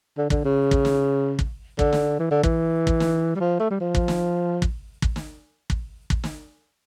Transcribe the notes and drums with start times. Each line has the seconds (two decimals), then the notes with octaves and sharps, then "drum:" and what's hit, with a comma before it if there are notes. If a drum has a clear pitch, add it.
0.18 D3
0.30 D3, drum: kick
0.45 C#3
0.71 drum: kick
0.85 drum: snare
1.39 drum: kick
1.79 D3, drum: kick
1.93 drum: snare
2.19 E3
2.31 D3
2.43 E3, drum: kick
2.87 drum: kick
3.00 drum: snare
3.36 G3
3.40 F3
3.60 A3
3.71 G3
3.80 F3
3.95 drum: kick
4.08 drum: snare
4.62 drum: kick
5.02 drum: kick
5.16 drum: snare
5.70 drum: kick
6.10 drum: kick
6.24 drum: snare